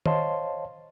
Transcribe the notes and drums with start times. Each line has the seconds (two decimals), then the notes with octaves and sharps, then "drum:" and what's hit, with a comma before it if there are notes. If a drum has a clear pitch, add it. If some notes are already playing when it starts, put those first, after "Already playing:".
0.06 C5 C#5 D#5 F5 A5 C6, drum: tom